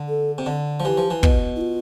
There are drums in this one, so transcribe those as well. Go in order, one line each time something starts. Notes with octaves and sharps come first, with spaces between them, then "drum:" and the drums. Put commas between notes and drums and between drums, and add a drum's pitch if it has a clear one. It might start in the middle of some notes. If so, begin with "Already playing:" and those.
Already playing: D3
A4
C3
D3
F3
E3 G4
F3
E3
B2, drum: kick
E4
F4